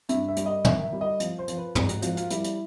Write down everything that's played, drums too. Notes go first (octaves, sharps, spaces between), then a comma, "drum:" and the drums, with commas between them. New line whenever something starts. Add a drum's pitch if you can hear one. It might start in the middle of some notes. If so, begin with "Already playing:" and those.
G2 E5, drum: hi-hat
E5
G3, drum: hi-hat
D#5
D#3 E5, drum: tom
E5
G3
D#5
F3, drum: hi-hat
C5
F3, drum: hi-hat
B4
G#2 G4, drum: tom
F#4, drum: hi-hat
F3 F#4, drum: hi-hat
F4, drum: hi-hat
G3 E4, drum: hi-hat
drum: hi-hat